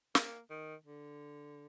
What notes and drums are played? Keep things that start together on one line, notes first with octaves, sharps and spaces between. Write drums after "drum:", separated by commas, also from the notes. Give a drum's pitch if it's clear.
A#3, drum: snare
D#3
D3